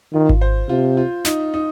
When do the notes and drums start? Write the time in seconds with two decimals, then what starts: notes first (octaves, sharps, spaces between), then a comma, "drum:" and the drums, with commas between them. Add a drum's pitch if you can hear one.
0.13 D#3 F4
0.29 drum: kick G#1
0.41 C5
0.69 C3 F4
0.97 F4
1.25 D#4, drum: snare
1.54 D#4